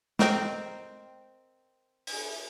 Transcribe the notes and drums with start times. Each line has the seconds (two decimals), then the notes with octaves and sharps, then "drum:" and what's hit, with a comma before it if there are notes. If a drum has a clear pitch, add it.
0.19 C4 A#4 D#5 G5, drum: snare
2.07 drum: open hi-hat